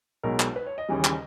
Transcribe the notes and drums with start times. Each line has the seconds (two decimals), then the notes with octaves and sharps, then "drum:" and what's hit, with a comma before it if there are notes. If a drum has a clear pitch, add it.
0.23 B1 B2 G#3 A#4
0.40 drum: clap
0.56 B4
0.66 C#5
0.78 D#5
0.89 D#2 C#3 E3 G3
1.05 drum: clap